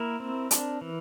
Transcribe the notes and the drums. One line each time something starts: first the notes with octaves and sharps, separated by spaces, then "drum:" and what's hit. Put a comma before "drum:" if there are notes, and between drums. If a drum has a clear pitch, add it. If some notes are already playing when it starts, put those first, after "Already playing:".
Already playing: A#3 E4 A#4
C4
D4, drum: hi-hat
E3